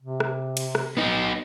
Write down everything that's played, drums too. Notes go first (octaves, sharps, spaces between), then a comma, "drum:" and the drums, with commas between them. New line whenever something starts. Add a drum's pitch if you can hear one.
C3
drum: rim click
drum: cymbal
drum: rim click
B3 D#4